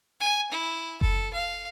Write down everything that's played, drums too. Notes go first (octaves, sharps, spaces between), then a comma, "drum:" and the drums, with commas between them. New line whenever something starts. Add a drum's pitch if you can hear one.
G#5
E4
A4, drum: kick F#1
F5